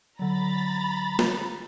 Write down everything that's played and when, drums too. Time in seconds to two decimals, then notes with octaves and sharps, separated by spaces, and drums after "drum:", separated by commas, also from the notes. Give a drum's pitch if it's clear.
0.19 D3 F#3 A#5 B5 A6
1.19 drum: snare